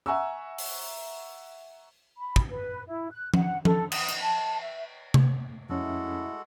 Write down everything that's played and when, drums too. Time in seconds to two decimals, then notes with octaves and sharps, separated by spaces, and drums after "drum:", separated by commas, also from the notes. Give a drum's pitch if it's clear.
0.06 E5 F#5 G#5 A#5 C#6 E6
0.58 drum: open hi-hat
2.17 B5
2.36 drum: kick
2.50 B4
2.88 E4
3.11 F#6
3.34 F#5, drum: tom F3
3.65 A4, drum: tom F3
3.92 D#6, drum: cymbal
4.09 drum: hi-hat
4.21 A5
4.60 E5
5.14 drum: tom C3
5.69 F2 G#3 A3 C#4 E4 F#4 A4